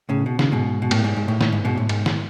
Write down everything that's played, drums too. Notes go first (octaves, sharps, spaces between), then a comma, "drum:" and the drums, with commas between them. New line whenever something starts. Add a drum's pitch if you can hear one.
A2 C#3
B2
C#3, drum: snare
G#2 B2
B2
A2, drum: cymbal
G#2
G#2
A2
A2, drum: snare
G#2
G#2 B2
A2
G#2, drum: cymbal
drum: snare